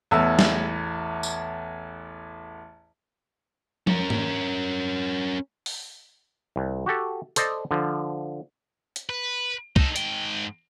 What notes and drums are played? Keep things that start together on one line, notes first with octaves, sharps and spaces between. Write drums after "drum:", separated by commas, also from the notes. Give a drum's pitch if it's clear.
A1 E2 E6
drum: snare
drum: tambourine
C#4 A#4, drum: tom F3
drum: tom
drum: open hi-hat
C2
F#4 G4 A4
A4 C5 D5 D#5, drum: hi-hat
D3 F3
drum: hi-hat
B4
D#4 A4, drum: kick
G#2 G5, drum: hi-hat